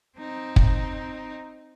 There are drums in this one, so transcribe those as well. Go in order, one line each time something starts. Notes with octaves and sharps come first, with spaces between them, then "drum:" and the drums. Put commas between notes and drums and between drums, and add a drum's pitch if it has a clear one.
C4 D#4
drum: kick